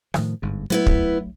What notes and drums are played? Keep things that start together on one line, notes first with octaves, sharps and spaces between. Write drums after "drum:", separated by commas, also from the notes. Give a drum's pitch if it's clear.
A2 D#3 F3, drum: rim click
G1 G#2
F#3 A3 B3 E4 B4
drum: kick